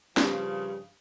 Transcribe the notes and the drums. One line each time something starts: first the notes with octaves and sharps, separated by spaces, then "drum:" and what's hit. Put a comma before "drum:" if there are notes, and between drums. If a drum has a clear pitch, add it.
G2 C#3 F3, drum: snare